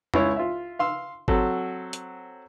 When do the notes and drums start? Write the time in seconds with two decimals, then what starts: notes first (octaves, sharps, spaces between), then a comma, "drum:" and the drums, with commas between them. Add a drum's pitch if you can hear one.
0.14 C#2 E4 C#5, drum: tom
0.36 F4 E5
0.79 F5 C6 E6
1.28 F#3 C4 F#4 A4, drum: kick G1
1.93 drum: hi-hat